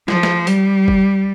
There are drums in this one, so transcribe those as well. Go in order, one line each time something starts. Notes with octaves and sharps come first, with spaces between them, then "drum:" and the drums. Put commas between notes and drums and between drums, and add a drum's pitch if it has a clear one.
F3, drum: snare
drum: snare
G3, drum: hi-hat
drum: kick